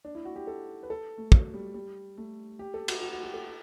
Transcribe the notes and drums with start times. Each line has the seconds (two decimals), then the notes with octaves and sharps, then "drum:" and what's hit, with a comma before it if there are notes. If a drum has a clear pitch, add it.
0.05 D4
0.15 E4
0.25 F#4
0.36 G4
0.47 A4
0.83 B4
0.90 A4
1.18 A3
1.32 F#3, drum: kick
1.54 G3
1.74 G3
2.18 A3
2.59 G4
2.74 A4
2.88 F#4, drum: cymbal
3.02 F#4
3.13 F#4
3.23 G4
3.34 A4